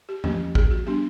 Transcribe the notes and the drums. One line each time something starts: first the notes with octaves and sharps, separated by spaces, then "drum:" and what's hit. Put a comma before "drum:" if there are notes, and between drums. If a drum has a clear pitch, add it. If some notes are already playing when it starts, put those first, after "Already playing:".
G4
F3 A#3 C#4 G4, drum: tom F2
G#4, drum: kick
F#4
G3 B3 D4 G4